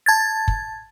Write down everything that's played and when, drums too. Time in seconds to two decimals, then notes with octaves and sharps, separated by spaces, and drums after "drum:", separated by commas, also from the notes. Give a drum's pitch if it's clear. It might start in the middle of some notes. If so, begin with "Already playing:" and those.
0.06 A5 G#6 A6
0.48 drum: kick